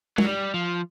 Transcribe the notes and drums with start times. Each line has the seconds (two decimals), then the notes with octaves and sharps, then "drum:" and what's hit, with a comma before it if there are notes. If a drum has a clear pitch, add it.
0.18 F#3, drum: tom
0.25 G3
0.54 F3